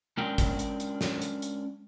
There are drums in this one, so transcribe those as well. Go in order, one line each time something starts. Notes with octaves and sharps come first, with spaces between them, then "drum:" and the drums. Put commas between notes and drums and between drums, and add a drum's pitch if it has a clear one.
G#3 C#4 D4 A#4 G5
drum: kick, hi-hat
drum: hi-hat
drum: hi-hat
drum: snare
drum: hi-hat
drum: hi-hat